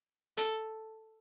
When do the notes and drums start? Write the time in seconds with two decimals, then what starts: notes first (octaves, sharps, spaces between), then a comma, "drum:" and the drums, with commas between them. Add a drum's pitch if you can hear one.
0.37 A4, drum: hi-hat